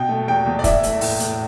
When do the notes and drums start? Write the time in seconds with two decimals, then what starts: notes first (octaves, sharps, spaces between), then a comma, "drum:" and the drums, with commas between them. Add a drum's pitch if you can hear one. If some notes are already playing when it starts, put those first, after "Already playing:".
Already playing: B2 G5
0.09 A3
0.27 E2 G5
0.46 E2
0.59 D5
0.64 E3 E5, drum: kick, hi-hat
0.83 A3, drum: hi-hat
1.01 A2, drum: open hi-hat
1.20 A2, drum: hi-hat